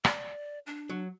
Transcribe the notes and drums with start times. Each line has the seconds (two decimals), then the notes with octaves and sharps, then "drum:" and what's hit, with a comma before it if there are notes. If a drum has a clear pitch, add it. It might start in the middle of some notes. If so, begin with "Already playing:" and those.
0.05 D5, drum: rim click
0.67 D4
0.89 F#3